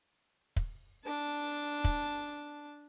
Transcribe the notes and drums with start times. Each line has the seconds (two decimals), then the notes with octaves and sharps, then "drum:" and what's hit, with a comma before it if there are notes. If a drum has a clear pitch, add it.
0.56 drum: kick
1.04 D4 A5
1.84 drum: kick